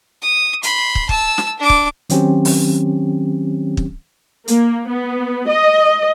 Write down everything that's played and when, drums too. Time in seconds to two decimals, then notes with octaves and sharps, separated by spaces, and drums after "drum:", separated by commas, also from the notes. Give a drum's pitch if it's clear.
0.22 D#6
0.63 B5 C6, drum: hi-hat
0.95 drum: kick
1.09 A5 E6, drum: kick
1.38 drum: snare
1.59 D4 D6
1.70 drum: kick
2.10 D#3 F#3 C4 C#4 G4, drum: hi-hat
2.45 drum: open hi-hat
3.77 drum: kick
4.48 A#3, drum: hi-hat
4.89 B3
5.48 D#5